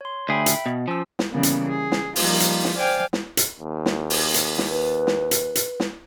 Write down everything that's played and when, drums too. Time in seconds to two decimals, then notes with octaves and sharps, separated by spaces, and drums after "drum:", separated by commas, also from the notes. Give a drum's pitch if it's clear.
0.01 C#5 C6
0.29 D2 G#4 E5 G5 B5
0.46 drum: hi-hat
0.66 B2
0.88 F3 C#4 E6
1.19 drum: snare
1.31 C#3 E3 G3 A#3 B3
1.43 drum: hi-hat
1.67 G#4
1.92 drum: snare
2.16 F3 G3 A#3 D#4 F4, drum: open hi-hat
2.40 drum: hi-hat
2.64 drum: snare
2.77 C5 D5 F5 G5 G#5
3.13 drum: snare
3.37 drum: hi-hat
3.59 D#2
3.86 drum: snare
4.10 drum: open hi-hat
4.34 drum: hi-hat
4.58 drum: snare
4.71 B4
5.07 drum: snare
5.31 drum: hi-hat
5.55 drum: hi-hat
5.80 drum: snare